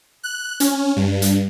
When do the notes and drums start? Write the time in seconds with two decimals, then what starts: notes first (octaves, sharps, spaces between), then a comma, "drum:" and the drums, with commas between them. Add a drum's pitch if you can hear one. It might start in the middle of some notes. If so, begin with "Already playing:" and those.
0.23 F#6
0.60 C#4, drum: hi-hat
0.97 G2
1.22 drum: hi-hat